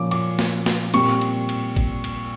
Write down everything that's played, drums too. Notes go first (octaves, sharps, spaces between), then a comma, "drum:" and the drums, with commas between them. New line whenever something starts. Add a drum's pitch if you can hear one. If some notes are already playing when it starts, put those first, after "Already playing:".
Already playing: A#2 F3 A#3 C#4 D6
D6, drum: cymbal
drum: snare
drum: snare
A#2 G3 C4 C#6, drum: cymbal
drum: cymbal
drum: cymbal
drum: kick G#1, cymbal
drum: cymbal